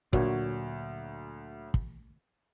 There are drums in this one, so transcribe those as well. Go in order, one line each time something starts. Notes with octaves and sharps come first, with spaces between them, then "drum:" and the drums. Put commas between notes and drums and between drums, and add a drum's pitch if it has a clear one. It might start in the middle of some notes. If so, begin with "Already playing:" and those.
D2 A#2 F#3 F#4 C#5, drum: kick
drum: kick